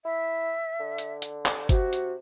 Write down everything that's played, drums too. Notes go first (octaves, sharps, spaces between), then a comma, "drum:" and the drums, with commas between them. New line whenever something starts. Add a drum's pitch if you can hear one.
E4 E5
D3
drum: hi-hat
drum: hi-hat
drum: clap
C3 F#4, drum: kick G1, hi-hat
drum: hi-hat